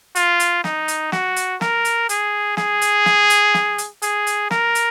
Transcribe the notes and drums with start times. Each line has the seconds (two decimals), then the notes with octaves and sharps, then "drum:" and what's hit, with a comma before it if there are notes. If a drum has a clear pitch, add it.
0.15 F4, drum: hi-hat
0.40 drum: hi-hat
0.64 D#4, drum: snare
0.88 drum: hi-hat
1.12 F#4, drum: snare
1.36 drum: hi-hat
1.61 A#4, drum: snare
1.85 drum: hi-hat
2.09 G#4, drum: hi-hat
2.57 G#4, drum: snare
2.82 drum: hi-hat
3.06 drum: snare
3.30 drum: hi-hat
3.54 drum: snare
3.78 drum: hi-hat
4.02 G#4, drum: hi-hat
4.27 drum: hi-hat
4.51 A#4, drum: snare
4.75 drum: hi-hat